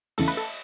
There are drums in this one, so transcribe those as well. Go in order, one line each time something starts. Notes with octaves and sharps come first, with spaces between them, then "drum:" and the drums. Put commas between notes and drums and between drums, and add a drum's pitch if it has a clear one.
E2 C#3 E3 A3 A4, drum: cymbal
B4
A4